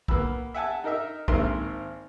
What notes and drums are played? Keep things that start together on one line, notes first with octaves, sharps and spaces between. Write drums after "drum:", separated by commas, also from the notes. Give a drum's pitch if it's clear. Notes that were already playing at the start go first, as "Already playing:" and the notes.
A#3 B3 B5 E6, drum: kick
E5 F#5 G#5 A5
D#4 A#4 D#5 E5
G#1 G#2 A#3 A#4 E5 C6, drum: kick